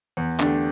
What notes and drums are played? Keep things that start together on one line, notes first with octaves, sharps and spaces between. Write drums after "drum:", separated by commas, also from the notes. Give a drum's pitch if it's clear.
E2
D3 A3 D4 G4, drum: clap